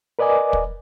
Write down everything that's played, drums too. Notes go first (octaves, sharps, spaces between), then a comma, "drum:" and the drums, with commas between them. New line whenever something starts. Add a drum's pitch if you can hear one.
A#4 B4 D5 D#5 G#5 D6
drum: kick